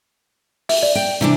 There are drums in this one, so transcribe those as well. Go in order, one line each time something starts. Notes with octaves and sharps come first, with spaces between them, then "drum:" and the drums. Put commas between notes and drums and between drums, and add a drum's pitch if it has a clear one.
E5, drum: open hi-hat
D5
G5
C3 E3 D4